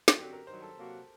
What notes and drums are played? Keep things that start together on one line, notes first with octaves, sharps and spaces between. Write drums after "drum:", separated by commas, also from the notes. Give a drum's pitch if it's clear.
drum: snare
F#2 D3 F#3 C4 G4
A#4
G2 D#3 F#3 C5
A4
C3 F#3 A#3 F#4